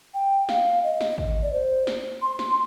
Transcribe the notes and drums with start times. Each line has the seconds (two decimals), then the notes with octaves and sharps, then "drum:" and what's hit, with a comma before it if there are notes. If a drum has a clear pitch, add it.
0.14 G5
0.49 F5, drum: snare
0.84 D#5
1.01 drum: snare
1.18 drum: kick
1.43 D5
1.53 C5
1.87 drum: snare
2.22 C6
2.39 drum: snare